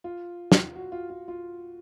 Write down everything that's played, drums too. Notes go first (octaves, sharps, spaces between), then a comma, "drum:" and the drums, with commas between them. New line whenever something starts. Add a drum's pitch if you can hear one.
F4
drum: snare
F#4
F4
F4
F4